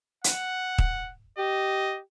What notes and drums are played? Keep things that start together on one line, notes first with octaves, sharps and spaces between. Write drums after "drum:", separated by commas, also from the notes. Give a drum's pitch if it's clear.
F#5, drum: hi-hat
drum: kick
G4 D#5